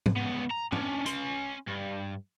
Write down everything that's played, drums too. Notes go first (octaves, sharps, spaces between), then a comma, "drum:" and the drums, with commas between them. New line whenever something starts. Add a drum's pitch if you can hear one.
drum: tom
C#2 B3
A#5
C#4 D4, drum: tom
C#4 C6, drum: hi-hat
G2